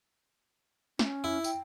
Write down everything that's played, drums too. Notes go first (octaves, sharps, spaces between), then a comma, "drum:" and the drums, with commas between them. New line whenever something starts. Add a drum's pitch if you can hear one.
C#4, drum: snare
E4
G5, drum: tambourine